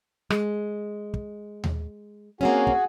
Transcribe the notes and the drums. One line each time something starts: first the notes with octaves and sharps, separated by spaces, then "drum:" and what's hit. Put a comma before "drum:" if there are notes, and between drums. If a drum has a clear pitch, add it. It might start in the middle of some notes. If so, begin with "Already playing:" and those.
G#3, drum: rim click
drum: kick
drum: tom D#2
A#3 C4 C#4 F#4 G#4
drum: kick